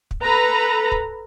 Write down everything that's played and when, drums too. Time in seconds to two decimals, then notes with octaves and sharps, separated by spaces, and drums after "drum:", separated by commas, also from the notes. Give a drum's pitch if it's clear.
0.11 drum: kick
0.23 A4 B4 A#5
0.92 drum: kick